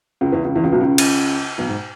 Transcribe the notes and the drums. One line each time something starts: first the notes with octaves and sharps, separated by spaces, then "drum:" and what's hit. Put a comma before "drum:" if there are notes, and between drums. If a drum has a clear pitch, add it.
C#2 C#3
E2 E3
C#2 C#3
E2 E3
C#2 C#3
B1 B2
C#2 C#3
drum: cymbal
B1 B2
G#2